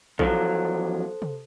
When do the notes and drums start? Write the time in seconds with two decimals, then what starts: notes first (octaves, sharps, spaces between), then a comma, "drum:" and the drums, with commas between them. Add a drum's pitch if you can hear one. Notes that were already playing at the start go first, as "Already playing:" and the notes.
0.19 E2 F3 F#3 A4 C5, drum: kick A#1
1.22 drum: tom C3